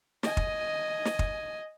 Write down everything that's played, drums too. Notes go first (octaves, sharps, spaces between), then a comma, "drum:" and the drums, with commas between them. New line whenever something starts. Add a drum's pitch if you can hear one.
D#5 G#5, drum: snare
drum: kick
drum: snare
drum: kick